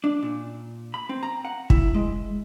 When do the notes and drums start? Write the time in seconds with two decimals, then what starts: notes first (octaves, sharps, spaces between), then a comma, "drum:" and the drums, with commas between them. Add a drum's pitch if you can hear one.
0.04 D4
0.22 A#2
0.94 B5
1.09 C4
1.23 A#5
1.45 F#5
1.70 E4, drum: kick
1.94 G#3